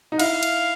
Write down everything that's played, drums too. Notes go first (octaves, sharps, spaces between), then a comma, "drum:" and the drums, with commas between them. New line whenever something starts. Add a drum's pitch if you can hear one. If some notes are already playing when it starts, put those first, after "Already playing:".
D#4
E4 F5, drum: cymbal
drum: cymbal